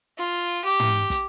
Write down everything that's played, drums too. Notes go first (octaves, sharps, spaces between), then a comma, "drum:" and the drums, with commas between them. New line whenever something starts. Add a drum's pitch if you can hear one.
F4
G4
drum: tom
drum: kick, hi-hat